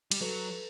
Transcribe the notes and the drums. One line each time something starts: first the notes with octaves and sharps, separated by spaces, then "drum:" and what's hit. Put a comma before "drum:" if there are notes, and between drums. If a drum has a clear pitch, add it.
G3, drum: cymbal
F#3 A4 B4